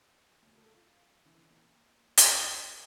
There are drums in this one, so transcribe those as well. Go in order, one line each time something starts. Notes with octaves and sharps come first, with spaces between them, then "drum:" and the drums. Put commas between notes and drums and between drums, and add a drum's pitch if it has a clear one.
D2
A4
F4
E3
A#2
G#1, drum: hi-hat
F3